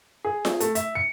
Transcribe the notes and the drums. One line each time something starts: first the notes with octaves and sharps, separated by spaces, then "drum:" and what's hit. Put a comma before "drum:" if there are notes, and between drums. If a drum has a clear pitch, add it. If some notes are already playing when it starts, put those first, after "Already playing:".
G#4
drum: snare F4
A3, drum: hi-hat
E5, drum: hi-hat
C#7